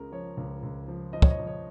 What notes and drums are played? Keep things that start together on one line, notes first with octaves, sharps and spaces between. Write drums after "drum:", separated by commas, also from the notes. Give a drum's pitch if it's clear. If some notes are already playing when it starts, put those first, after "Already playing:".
Already playing: C#2 C#3 A#4
F3 C#5
C#2
C#2
F3
F3 D#5
C#5, drum: kick
D#5
F3
C#5